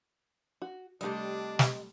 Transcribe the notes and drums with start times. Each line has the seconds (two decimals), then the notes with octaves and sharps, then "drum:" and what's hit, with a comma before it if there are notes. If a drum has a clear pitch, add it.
0.62 F#4
1.01 C3 F#3 G3 A3 D4 G4 D#5
1.59 drum: snare